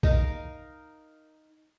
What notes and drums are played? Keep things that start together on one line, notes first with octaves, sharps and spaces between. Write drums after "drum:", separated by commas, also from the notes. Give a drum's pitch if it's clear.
D#4 A#4 F5, drum: kick